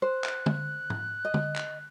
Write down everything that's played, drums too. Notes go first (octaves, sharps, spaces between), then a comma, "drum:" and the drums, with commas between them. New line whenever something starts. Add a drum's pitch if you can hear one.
C5 F#6
drum: clap
drum: tom
drum: tom
D#5
drum: tom
drum: clap